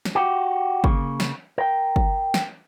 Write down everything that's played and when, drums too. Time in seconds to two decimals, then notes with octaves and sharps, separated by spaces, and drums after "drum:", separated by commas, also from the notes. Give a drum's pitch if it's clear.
0.05 drum: snare
0.15 F#4 G4
0.84 C#3 A#3, drum: kick
1.20 drum: snare
1.58 A#4 G5
1.96 drum: kick
2.34 drum: snare